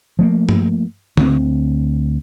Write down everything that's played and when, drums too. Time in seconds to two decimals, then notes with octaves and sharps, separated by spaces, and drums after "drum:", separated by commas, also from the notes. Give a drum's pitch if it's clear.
0.19 F3 A3 A#3
0.49 drum: tom G2
1.17 D2 C4, drum: tom D3